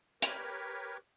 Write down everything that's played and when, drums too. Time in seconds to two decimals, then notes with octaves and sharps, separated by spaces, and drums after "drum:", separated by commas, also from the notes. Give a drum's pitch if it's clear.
0.22 G4 A#4 B4 C#5, drum: hi-hat